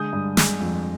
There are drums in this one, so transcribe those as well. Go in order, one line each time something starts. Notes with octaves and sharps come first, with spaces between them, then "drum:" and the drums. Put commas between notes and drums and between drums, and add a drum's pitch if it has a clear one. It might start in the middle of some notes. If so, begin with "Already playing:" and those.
Already playing: D3 G#3 D#6 G6
G2
G#3, drum: snare
F2